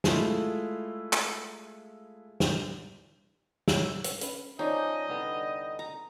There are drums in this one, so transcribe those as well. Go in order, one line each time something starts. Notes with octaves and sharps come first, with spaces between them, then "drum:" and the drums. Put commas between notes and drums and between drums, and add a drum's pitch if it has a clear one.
G#3 A3 E4 F4 A4, drum: snare
drum: clap
drum: snare
C#5 E6, drum: snare
drum: hi-hat
C#4 B4, drum: hi-hat
F3 C#4 D#4 G#4 D5 D#5 G6
C2 D3 B3
A#5